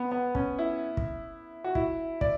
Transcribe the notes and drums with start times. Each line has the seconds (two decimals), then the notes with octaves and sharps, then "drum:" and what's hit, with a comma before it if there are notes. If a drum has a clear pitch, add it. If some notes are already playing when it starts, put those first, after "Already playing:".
Already playing: B3
0.12 B3
0.35 C#4, drum: kick
0.59 E4
0.97 drum: kick
1.64 F#4
1.75 E4, drum: kick
2.21 D5, drum: kick